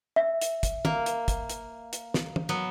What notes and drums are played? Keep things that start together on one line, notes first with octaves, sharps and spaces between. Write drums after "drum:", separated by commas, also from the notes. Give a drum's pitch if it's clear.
E5
drum: hi-hat
drum: kick, hi-hat
A#3, drum: tom
drum: hi-hat
drum: kick, hi-hat
drum: hi-hat
drum: hi-hat
drum: snare
drum: tom
F#3 B3